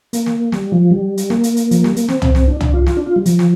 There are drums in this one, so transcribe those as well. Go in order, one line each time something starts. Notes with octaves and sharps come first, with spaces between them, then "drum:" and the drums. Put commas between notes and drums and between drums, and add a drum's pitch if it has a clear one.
A#3, drum: hi-hat
drum: snare
G3, drum: snare
F3
G3
drum: hi-hat
A#3, drum: snare
drum: hi-hat
drum: hi-hat
F3, drum: hi-hat
G3, drum: snare
A#3, drum: hi-hat
C4, drum: snare
drum: tom
drum: snare
D4
D4, drum: tom
F4
F4, drum: snare
D4
F4
G3
F3, drum: hi-hat
drum: snare